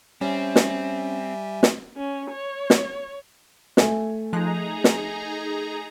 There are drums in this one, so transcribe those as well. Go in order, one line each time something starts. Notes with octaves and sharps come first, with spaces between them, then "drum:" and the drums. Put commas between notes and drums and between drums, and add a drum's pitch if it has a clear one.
G3 C4 C#4 E5 G#5
drum: snare
drum: snare
C#4
C#5
drum: snare
A3 E5 G#5, drum: snare
F3 D#4 G#4 A#5 F#6
drum: snare